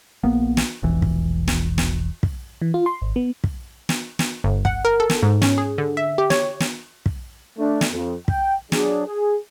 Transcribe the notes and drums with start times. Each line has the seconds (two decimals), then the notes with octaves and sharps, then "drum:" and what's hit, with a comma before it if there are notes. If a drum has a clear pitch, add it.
0.24 A#1 A#3 B3
0.57 drum: snare
0.83 E1 A#1 E3
1.02 drum: kick
1.48 drum: snare
1.78 drum: snare
2.23 drum: kick
2.62 E3
2.74 F4
2.86 C6
3.02 G#1
3.16 B3
3.44 drum: kick
3.89 drum: snare
4.19 drum: snare
4.44 G1
4.65 F#5, drum: kick
4.85 A#4
5.00 A4
5.10 drum: snare
5.23 G#2
5.42 C#4, drum: snare
5.58 G#4
5.78 D3
5.97 E5
6.18 G4
6.30 C#5, drum: snare
6.60 drum: snare
7.06 drum: kick
7.59 A3 D4
7.81 drum: snare
7.92 F2
8.28 G5, drum: kick
8.72 F#3 D4 G#4, drum: snare
9.07 G#4